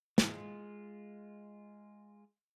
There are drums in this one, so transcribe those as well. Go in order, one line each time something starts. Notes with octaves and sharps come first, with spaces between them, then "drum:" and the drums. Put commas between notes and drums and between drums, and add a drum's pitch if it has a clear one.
G#3 F4, drum: snare